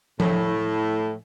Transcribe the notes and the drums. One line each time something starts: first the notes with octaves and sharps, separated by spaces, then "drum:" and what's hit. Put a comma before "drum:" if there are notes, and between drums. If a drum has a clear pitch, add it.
A2, drum: tom F3